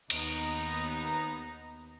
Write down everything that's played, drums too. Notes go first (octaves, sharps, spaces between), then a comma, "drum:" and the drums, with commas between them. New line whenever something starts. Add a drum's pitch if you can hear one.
D#2 B3 D#4 A#5, drum: cymbal